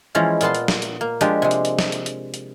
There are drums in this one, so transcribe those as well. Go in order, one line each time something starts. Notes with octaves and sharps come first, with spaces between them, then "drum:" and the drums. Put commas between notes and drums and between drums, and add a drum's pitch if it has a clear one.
E3 F3 G#3 C#4 E4
A#2 B3 F4 A5 C6, drum: hi-hat
drum: hi-hat
drum: snare
drum: hi-hat
A#3
F3 G#3 D4 G4, drum: hi-hat
C3 G#3
drum: hi-hat
drum: hi-hat
drum: snare
drum: hi-hat
drum: hi-hat
drum: hi-hat